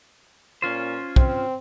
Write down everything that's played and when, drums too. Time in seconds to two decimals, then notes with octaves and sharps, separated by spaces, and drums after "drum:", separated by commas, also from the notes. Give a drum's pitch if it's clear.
0.62 A#2 C#4 F4 C5
1.16 C4, drum: kick